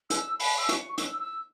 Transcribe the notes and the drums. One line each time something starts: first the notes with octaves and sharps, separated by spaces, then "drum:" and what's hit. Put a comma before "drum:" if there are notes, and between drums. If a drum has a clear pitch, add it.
E6, drum: hi-hat
B5, drum: open hi-hat
E6
C#6, drum: hi-hat
C#6
E6, drum: hi-hat
E6